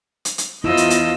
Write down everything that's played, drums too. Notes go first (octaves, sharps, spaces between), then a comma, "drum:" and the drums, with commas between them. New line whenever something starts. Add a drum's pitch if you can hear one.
drum: hi-hat
drum: hi-hat
E2 E4 F4 C5 D#5 E6
drum: hi-hat
drum: hi-hat